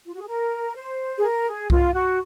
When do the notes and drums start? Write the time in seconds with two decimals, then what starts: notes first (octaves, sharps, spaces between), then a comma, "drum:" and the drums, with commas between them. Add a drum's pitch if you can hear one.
0.06 F4
0.14 F#4
0.21 G#4
0.28 A#4
0.76 C5
1.17 G#4
1.22 A#4
1.46 G#4
1.70 F4, drum: kick C2
1.94 F#4